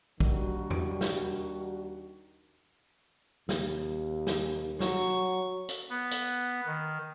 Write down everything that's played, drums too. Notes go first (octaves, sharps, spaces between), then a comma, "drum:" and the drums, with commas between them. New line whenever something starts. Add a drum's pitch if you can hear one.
D#2 D#3 G3 D4 F#4, drum: kick
drum: tom E2
drum: snare
D#2, drum: snare
drum: snare
F#3 C#6, drum: snare
drum: hi-hat
B3
drum: hi-hat
D#3